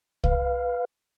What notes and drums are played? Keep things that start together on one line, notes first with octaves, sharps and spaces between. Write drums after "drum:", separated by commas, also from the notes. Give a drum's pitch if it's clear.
B4 F5, drum: kick C2